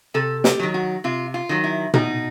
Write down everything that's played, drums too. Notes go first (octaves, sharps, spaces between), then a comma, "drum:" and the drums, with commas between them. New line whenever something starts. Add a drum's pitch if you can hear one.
C3 A4
G4, drum: snare
D#3 F#3
F#4
C3 F4
F4
D#3 F#3
E4
B2 D#4, drum: tom A#2